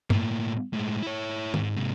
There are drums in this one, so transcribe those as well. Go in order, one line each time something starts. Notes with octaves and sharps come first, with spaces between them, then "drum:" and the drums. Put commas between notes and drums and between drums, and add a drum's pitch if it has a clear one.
A2 A#3, drum: tom G2
A2 G#3
E4 C#5
G#2, drum: tom
G#2 C3